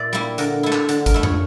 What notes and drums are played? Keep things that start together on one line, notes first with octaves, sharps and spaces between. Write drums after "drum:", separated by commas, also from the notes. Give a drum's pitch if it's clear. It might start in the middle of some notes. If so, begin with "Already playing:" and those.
Already playing: A#2 D5 E5
G3 A#3 E4
D3 A#4, drum: hi-hat
A3 E4
drum: clap
D3, drum: hi-hat
A#4, drum: kick G#1, hi-hat
A3 E4
C#5, drum: tom F2